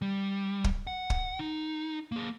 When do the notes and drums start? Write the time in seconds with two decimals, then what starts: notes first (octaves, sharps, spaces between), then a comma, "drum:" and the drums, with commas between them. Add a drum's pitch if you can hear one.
0.02 G3
0.64 drum: kick
0.87 F#5
1.10 drum: kick
1.39 D#4
2.12 A#3 G#4